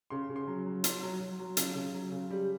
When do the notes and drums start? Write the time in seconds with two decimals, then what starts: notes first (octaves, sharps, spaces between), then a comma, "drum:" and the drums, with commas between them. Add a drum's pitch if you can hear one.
0.10 C#3 C6
0.30 C#3
0.36 C6
0.48 F#3
0.66 F#3
0.84 F#3 C6, drum: hi-hat
1.03 F#3
1.20 F#3
1.39 F#3
1.57 C#3, drum: hi-hat
1.75 C#3
1.94 F#3
2.12 C#3
2.31 G3